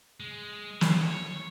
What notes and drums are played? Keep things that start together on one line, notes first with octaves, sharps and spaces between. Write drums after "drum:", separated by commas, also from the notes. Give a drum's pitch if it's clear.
G#3
C5, drum: snare
C#5